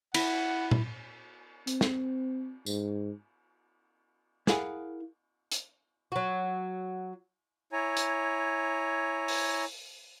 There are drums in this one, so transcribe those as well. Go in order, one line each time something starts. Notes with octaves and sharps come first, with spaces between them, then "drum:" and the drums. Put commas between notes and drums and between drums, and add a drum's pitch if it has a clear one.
E4 F#5, drum: cymbal
drum: tom A#2
C4, drum: hi-hat
drum: snare
G#2, drum: tambourine
E4 G#4 A#4 F5 F#5 G#5, drum: snare
drum: hi-hat
F#3 F#4
E4 C#5 G#5 A#5
drum: hi-hat
drum: open hi-hat